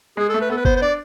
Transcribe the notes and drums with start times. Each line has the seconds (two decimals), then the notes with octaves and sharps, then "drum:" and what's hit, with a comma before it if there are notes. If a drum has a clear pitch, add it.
0.17 G#3 G#4
0.29 A3 A4
0.42 B4
0.49 B3 A4
0.58 B4
0.65 B3 C5, drum: kick
0.77 C5
0.81 D4 D5